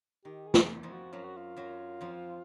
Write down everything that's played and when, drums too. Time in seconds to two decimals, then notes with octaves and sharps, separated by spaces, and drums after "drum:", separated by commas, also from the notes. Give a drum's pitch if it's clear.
0.25 D#3 G4
0.46 G#4
0.54 E2 E3, drum: snare
0.83 F2 F3
0.90 F#4
1.13 F#2 F#3 F4
1.25 F#4
1.37 F4
1.56 F#2 F#3
2.01 F2 F3